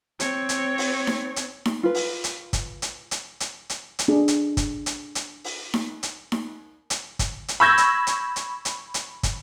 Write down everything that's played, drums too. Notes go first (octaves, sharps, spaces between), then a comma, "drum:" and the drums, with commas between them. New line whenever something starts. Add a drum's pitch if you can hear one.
C4 C#5, drum: hi-hat
drum: hi-hat
drum: open hi-hat
drum: snare D#4
drum: hi-hat
drum: snare D#4
F4 B4
drum: open hi-hat
drum: hi-hat
drum: kick, hi-hat
drum: hi-hat
drum: hi-hat
drum: hi-hat
drum: hi-hat
drum: hi-hat
D4 G#4
drum: hi-hat
drum: kick, hi-hat
drum: hi-hat
drum: hi-hat
drum: open hi-hat
drum: snare D#4
drum: hi-hat
drum: snare D#4
drum: hi-hat
drum: kick, hi-hat
drum: hi-hat
B5 C#6 E6 G6 G#6 A#6
drum: hi-hat
drum: hi-hat
drum: hi-hat
drum: hi-hat
drum: hi-hat
drum: kick, hi-hat